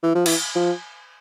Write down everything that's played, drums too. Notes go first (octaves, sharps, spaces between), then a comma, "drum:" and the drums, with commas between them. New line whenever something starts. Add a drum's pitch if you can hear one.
E3
F3
E3, drum: cymbal
F3